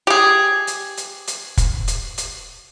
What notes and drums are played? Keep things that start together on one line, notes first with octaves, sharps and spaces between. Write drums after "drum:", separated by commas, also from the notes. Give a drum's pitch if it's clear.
G4 G#4
drum: hi-hat
drum: hi-hat
drum: hi-hat
drum: kick, hi-hat
drum: hi-hat
drum: hi-hat